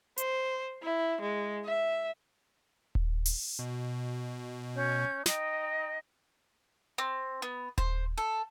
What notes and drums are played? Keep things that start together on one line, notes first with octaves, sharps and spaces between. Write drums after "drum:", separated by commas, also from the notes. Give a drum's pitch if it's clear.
C5, drum: hi-hat
E4
G#3
E5
drum: kick D#1
drum: open hi-hat
B2
C#4 G6
D#4 D#5 G5, drum: snare
C4
B3
C5, drum: kick D#1
A4